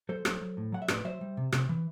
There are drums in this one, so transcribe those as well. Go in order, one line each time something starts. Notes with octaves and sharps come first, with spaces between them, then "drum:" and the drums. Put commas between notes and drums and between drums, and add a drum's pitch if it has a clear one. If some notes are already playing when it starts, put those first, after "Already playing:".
F#3 A4 C5
F#3, drum: rim click
F#3
A2
F#3 F#5
E5
A2 B4 D5, drum: rim click
F#3 C5 E5
G3
C3
C3, drum: rim click
E3